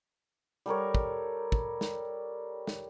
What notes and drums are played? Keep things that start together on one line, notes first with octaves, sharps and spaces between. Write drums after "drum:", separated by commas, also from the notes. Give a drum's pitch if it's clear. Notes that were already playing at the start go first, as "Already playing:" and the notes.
G3 A4 A#4 C#5
drum: kick
drum: kick
drum: snare
drum: snare